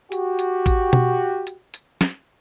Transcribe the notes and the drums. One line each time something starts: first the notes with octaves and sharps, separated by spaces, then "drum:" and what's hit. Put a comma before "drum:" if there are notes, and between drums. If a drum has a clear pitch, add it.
F#4 G4, drum: hi-hat
drum: hi-hat
drum: kick, hi-hat
drum: tom B2
drum: hi-hat
drum: hi-hat
drum: snare